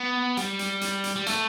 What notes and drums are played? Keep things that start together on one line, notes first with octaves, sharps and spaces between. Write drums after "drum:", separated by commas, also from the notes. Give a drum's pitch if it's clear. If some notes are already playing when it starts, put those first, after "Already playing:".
Already playing: B3
G3, drum: hi-hat
drum: hi-hat
drum: hi-hat
drum: hi-hat
G3
A3, drum: hi-hat